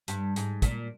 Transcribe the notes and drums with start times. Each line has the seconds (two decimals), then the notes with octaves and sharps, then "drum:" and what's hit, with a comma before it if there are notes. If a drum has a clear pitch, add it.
0.08 G2, drum: hi-hat
0.36 G#2, drum: hi-hat
0.62 A#2, drum: kick, hi-hat